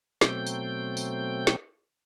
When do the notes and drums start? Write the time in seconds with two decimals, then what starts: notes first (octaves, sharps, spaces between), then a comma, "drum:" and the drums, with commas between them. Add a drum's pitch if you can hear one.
0.21 B2 F#3 A3 C4 G5 G6, drum: snare
0.47 drum: tambourine
0.97 drum: tambourine
1.47 drum: snare